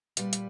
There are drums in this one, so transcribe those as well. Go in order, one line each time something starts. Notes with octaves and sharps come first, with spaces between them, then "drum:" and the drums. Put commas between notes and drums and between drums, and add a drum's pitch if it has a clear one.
A#2 G3 B4, drum: hi-hat
drum: hi-hat